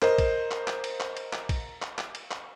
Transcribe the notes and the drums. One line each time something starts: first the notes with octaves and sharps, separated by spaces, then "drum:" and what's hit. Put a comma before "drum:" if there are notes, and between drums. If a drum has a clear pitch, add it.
A#4 C5 D#5, drum: clap
drum: kick, cymbal
drum: clap
drum: clap
drum: cymbal
drum: clap
drum: cymbal
drum: clap
drum: kick, cymbal
drum: clap
drum: clap
drum: cymbal
drum: clap